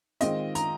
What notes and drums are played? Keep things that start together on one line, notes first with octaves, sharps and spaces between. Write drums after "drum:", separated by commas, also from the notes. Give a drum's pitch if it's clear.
D#3 G#3 C4 F4 D#5, drum: hi-hat
A#5, drum: hi-hat